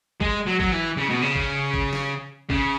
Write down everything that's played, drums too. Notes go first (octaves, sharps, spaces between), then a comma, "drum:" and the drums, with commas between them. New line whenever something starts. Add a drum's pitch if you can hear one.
G#3, drum: kick G#1
F#3
F#3, drum: kick G#1
E3
C#3
B2
C#3
drum: kick G#1
drum: kick G#1
drum: snare
C#3, drum: kick G#1